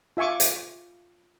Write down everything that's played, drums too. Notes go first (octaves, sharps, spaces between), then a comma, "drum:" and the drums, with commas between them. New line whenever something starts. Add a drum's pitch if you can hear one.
F4 E5 G#5 C#6 D6
drum: hi-hat